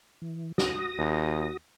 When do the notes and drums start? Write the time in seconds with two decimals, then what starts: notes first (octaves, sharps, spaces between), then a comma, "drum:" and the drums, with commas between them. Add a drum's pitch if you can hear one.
0.22 E3
0.58 F#4 D#6 A#6, drum: snare
0.98 D#2